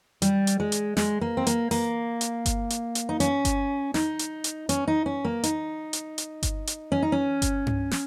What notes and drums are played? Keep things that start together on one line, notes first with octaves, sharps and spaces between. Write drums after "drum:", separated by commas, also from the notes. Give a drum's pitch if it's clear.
G3, drum: hi-hat
drum: hi-hat
G#3
drum: hi-hat
G#3, drum: snare
A#3
C4
A#3, drum: hi-hat
A#3, drum: open hi-hat
drum: hi-hat
drum: kick G1, hi-hat
drum: hi-hat
drum: hi-hat
D#4
C#4, drum: hi-hat
drum: kick G1, hi-hat
D#4, drum: snare
drum: hi-hat
drum: hi-hat
C#4, drum: hi-hat
D#4
C#4
A#3
D#4, drum: hi-hat
drum: hi-hat
drum: hi-hat
drum: kick G1, hi-hat
drum: hi-hat
C#4
D#4
C#4
drum: kick G1, hi-hat
drum: tom G2
drum: snare